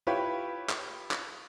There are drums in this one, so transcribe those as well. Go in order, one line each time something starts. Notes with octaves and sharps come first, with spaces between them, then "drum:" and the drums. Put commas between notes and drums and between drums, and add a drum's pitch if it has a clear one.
E4 F4 G4 B4 C#5
drum: clap
drum: clap